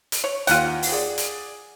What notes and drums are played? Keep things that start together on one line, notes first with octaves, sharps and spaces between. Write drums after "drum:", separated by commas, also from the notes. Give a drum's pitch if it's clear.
drum: hi-hat
C#5
D#2 F4 F#5 G5, drum: hi-hat
drum: open hi-hat
G#4 D5
drum: hi-hat